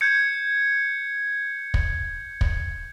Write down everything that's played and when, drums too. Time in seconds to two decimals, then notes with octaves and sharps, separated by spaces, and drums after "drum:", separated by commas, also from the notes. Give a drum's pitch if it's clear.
0.01 G6 G#6 C#7
1.74 drum: kick
2.41 drum: kick